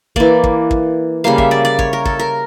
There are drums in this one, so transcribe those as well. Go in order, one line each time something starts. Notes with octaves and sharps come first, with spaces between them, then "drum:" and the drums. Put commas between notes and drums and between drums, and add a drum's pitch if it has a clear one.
E3 A#3 D5, drum: kick
drum: kick
drum: kick
C#3 G3 A#3 F5
E5, drum: kick
D5
D5
C#5, drum: kick
A#4
A4, drum: kick
A#4